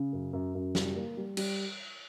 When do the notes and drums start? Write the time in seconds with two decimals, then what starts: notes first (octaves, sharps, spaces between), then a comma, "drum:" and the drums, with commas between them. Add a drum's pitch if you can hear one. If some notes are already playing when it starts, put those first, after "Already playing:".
Already playing: C#3
0.13 F#2
0.33 F#2
0.55 F#2
0.75 G3, drum: snare
0.95 A#3
1.17 G3
1.37 G3, drum: cymbal